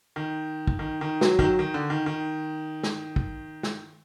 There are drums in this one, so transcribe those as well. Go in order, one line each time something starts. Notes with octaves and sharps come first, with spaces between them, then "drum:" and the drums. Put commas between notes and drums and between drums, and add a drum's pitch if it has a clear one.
D#3
drum: kick
D#3
D#3
F#3, drum: snare
D#3, drum: kick
F#3
D#3
D3
D#3
D#3
drum: snare
drum: kick
drum: snare